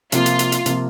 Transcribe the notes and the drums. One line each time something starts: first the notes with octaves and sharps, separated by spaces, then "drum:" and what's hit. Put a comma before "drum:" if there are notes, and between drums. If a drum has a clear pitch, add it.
C3 F3 A#3 F4, drum: hi-hat
drum: hi-hat
drum: hi-hat
drum: hi-hat
C3 F3 A#3, drum: hi-hat